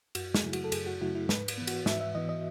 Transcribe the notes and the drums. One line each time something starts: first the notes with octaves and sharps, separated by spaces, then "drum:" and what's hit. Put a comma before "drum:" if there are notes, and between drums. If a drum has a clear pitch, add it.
F#2 F#4, drum: cymbal
G#4, drum: snare
C#3 F#3 A3 E4
F#4, drum: cymbal
A4
F#2 G#4, drum: cymbal
F#4
C#3 F#3 A3 E4 F#4
E4
G#2 B4, drum: snare
drum: cymbal
E3 B3
F#4, drum: cymbal
G#2 E5, drum: snare
E5
E3 B3 D#5
D#5